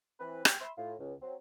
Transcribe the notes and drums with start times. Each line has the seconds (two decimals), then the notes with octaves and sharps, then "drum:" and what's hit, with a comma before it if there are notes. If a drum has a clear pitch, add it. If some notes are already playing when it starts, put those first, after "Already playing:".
0.20 E3 C4 B4
0.45 G4 G#4 C#5 G5, drum: rim click
0.60 E5 B5 C6
0.78 A2 F4
0.99 C#2
1.22 F#3 C4